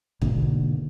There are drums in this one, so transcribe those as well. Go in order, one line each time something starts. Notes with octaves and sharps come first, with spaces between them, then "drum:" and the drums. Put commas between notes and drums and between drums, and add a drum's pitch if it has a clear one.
G#2 B2 D3 A#3, drum: kick